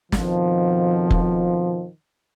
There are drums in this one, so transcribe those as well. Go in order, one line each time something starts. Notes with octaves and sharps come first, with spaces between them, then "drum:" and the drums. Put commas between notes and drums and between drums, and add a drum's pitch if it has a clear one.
F2 B2 D#3 F3, drum: snare
drum: kick F1